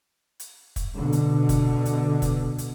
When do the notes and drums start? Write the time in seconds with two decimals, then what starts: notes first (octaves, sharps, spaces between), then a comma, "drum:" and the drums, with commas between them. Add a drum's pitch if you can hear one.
0.40 drum: hi-hat
0.76 drum: kick, hi-hat
0.94 B2 D3
1.13 drum: hi-hat
1.49 drum: kick, hi-hat
1.85 drum: hi-hat
2.22 drum: kick, hi-hat
2.58 drum: hi-hat